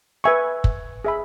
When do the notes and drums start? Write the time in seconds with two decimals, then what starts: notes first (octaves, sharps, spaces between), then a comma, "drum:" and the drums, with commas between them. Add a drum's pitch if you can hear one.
0.24 B4 E5 G#5 C#6
0.64 drum: kick
1.05 G#4 E5 B5